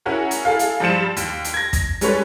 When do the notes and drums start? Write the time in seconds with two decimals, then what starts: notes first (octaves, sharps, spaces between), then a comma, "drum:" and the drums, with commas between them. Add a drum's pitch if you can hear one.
0.06 C#4 E4 F#4 G#4 A#4
0.31 drum: hi-hat
0.45 E4 G#4 A4 F5
0.59 drum: hi-hat
0.80 G2 F3 G3 F4 C#7 E7
1.17 D#2, drum: hi-hat
1.44 drum: hi-hat
1.54 G#6 A#6
1.73 drum: kick, hi-hat
2.01 G3 G#3 C#4 A4 B4 C#5, drum: hi-hat